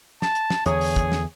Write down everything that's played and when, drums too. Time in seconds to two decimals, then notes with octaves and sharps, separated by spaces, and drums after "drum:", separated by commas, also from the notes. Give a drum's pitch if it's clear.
0.22 A5, drum: snare
0.35 drum: hi-hat
0.50 drum: snare
0.66 E2 D3 G#4 C#5 D#6, drum: hi-hat
0.81 drum: open hi-hat
0.96 drum: kick, hi-hat
1.12 drum: snare